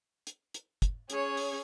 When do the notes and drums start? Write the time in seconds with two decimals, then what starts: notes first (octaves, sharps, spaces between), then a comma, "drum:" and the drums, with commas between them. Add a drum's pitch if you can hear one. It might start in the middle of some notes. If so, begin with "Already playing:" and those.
0.27 drum: hi-hat
0.54 drum: hi-hat
0.82 drum: kick, hi-hat
1.10 C#4 G#4 C#5, drum: hi-hat
1.37 drum: open hi-hat